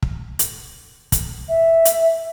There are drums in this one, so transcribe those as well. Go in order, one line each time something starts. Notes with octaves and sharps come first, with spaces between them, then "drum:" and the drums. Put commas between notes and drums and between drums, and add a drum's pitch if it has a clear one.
drum: kick
drum: hi-hat
drum: kick, hi-hat
E5
drum: hi-hat